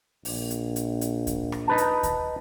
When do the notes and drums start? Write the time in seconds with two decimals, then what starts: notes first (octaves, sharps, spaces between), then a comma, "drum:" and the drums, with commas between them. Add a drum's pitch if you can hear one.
0.25 A#1, drum: open hi-hat
0.50 drum: hi-hat
0.76 drum: hi-hat
1.01 drum: hi-hat
1.27 drum: kick D2, hi-hat
1.52 drum: rim click
1.67 D#4 B4 A5
1.78 drum: hi-hat
2.03 drum: kick D2, hi-hat